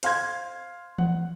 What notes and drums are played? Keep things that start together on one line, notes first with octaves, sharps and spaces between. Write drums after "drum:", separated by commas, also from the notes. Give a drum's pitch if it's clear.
C5 F5 C6 G#6, drum: hi-hat
F#5, drum: tom